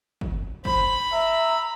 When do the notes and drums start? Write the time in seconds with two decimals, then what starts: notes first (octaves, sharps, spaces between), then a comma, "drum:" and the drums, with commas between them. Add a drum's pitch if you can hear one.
0.21 drum: kick
0.65 C5 B5, drum: kick
1.12 E5 A#5